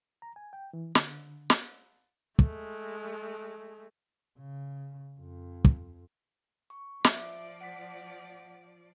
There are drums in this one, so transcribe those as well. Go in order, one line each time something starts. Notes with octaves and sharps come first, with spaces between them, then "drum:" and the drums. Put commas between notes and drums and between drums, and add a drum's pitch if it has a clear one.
A#5
G#5
G5
E3
D3, drum: snare
drum: snare
G#3 A3, drum: kick
C#3
F2
drum: kick
C#6
F3 D5 E5 D6, drum: snare
F#5 B6